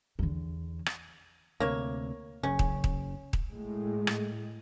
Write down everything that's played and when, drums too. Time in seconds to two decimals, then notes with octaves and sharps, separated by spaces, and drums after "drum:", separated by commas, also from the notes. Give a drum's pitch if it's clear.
0.19 E2 D3
0.86 drum: rim click
1.60 D2 C3 A#3 C#5
2.43 F#1 F#2 C#3 C#4
2.59 drum: kick D#1
2.84 drum: kick D#1
3.33 drum: kick D#1
3.52 A2 G#3
4.07 drum: rim click